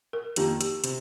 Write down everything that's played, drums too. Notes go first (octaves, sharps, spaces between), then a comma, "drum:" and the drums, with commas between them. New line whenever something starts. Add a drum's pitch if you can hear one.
A#4
F2 D#3 A#3 G4, drum: hi-hat
G4, drum: hi-hat
C3, drum: hi-hat